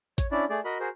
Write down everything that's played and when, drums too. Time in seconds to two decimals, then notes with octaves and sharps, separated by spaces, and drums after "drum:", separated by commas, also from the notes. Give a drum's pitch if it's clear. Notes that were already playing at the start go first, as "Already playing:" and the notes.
0.18 C#5, drum: kick A1, hi-hat
0.31 C#4 D4 E4 D5
0.50 A3 G#4 D5
0.65 F#4 A#4 D#5 B5
0.80 F#4 G#4 A#4 C5